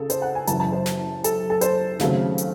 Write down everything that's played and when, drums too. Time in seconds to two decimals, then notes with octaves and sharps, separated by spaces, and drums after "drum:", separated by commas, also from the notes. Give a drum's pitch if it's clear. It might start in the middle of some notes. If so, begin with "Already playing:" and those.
Already playing: C#2 C#3 G#4 A4
0.10 C5, drum: hi-hat
0.22 F#5
0.35 G#5
0.47 F#1 F#2 E3 A5, drum: hi-hat
0.60 A5
0.72 C5
0.86 drum: snare
1.24 A4, drum: hi-hat
1.50 A4
1.61 C5, drum: hi-hat
1.99 D#2 C#3 F#3 A3 C4, drum: snare
2.38 drum: hi-hat